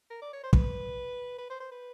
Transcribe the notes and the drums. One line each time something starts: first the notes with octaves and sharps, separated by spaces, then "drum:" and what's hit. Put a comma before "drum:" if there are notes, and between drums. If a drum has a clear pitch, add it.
A#4
D5
C#5
C5
B4, drum: kick
B4
C5
C5
B4